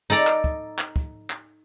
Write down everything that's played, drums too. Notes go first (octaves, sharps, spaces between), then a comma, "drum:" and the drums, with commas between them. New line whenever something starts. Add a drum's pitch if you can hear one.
D#4 A4 D5 A#5
drum: clap
drum: kick
drum: clap
drum: kick
drum: clap